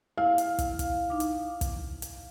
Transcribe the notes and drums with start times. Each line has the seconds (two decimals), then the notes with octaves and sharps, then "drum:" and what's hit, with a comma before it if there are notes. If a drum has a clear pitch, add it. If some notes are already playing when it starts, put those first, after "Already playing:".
0.18 E4 F5
0.38 drum: hi-hat
0.59 drum: kick, hi-hat
0.79 drum: kick, hi-hat
1.10 D#4 D6
1.20 drum: hi-hat
1.61 drum: kick, hi-hat
2.02 drum: hi-hat